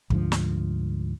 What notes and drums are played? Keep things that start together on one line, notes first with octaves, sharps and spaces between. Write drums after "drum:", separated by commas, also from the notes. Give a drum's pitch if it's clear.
D2 G#2 D3 F3, drum: kick
drum: snare